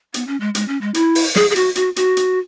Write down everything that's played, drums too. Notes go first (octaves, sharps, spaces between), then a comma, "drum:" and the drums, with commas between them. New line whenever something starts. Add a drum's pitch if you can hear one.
B3, drum: hi-hat
C#4
G#3
G#3, drum: hi-hat
C#4
G#3
E4, drum: hi-hat
drum: open hi-hat
G#4, drum: snare
G#4
F#4, drum: hi-hat
F#4, drum: hi-hat
F#4, drum: hi-hat
drum: hi-hat